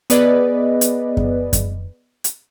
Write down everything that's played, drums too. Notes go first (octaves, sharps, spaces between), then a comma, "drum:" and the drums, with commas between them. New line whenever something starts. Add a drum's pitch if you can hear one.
B3 G#4 B4 D5 D#5, drum: hi-hat
drum: hi-hat
drum: kick F#2
drum: kick F#2, hi-hat
drum: hi-hat